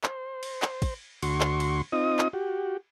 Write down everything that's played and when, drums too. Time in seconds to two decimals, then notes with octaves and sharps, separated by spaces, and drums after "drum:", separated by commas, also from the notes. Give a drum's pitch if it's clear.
0.04 C5, drum: clap
0.43 drum: cymbal
0.62 drum: clap
0.82 drum: kick, cymbal
1.23 D2 F#4 C6 C#6, drum: cymbal
1.41 drum: clap
1.60 drum: cymbal
1.92 C4 D#4 F4 D#5 D#6
2.19 drum: clap
2.33 F#4 G4